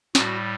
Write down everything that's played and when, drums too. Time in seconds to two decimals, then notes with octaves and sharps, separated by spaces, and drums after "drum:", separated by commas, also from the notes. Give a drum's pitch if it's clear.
0.15 A2 G3 F#4, drum: snare